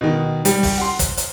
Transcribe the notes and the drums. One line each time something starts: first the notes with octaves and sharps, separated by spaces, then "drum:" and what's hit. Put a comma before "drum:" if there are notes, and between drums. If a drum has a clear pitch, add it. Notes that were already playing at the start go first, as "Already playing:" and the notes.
B2 D#3
G3, drum: hi-hat
drum: kick, open hi-hat
F#5 C6
drum: kick, hi-hat
drum: hi-hat